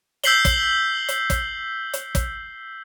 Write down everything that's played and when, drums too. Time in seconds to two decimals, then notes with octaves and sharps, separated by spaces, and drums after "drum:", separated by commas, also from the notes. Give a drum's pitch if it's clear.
0.24 E6 G6 B6 C7 F#7 G7, drum: hi-hat
0.45 drum: kick, hi-hat
1.08 drum: hi-hat
1.30 drum: kick, hi-hat
1.93 drum: hi-hat
2.15 drum: kick, hi-hat